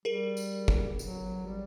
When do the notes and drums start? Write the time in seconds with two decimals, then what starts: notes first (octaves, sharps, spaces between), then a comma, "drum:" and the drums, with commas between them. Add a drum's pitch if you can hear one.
0.05 G3 G#4 A#4
0.37 drum: tambourine
0.68 drum: kick
0.99 F#3, drum: tambourine
1.46 G3